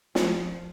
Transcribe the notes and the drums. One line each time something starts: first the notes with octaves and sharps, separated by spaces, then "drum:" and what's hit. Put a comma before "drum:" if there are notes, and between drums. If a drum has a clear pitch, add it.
F3, drum: snare